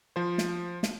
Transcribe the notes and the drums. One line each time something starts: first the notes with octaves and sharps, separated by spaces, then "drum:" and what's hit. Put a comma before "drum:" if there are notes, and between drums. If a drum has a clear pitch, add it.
F3 C5
drum: snare
drum: snare